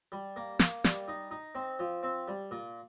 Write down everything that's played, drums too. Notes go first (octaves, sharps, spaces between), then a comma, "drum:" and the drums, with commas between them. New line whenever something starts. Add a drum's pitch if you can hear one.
G3
A#3
A#3, drum: snare
G3, drum: snare
D#4
D#4
C4
F3
C4
G3
A#2